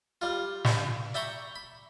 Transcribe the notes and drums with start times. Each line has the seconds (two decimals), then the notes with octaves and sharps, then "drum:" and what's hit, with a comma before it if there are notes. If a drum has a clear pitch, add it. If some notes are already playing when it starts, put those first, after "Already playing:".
0.22 G3 F4
0.65 drum: snare
1.14 D5 E5 G5 A#5 B5 C#6
1.56 B5